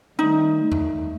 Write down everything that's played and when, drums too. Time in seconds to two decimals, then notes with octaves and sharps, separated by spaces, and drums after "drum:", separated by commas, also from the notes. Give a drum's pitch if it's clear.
0.19 D#3 G3 A3 D#4
0.72 A3, drum: tom F2